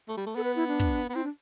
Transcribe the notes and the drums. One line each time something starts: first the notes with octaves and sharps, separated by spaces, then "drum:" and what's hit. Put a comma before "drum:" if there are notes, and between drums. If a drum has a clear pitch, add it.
A3
G3
A3
B3 A4
B4
E4
D4
drum: kick
B3
C4 E4
D4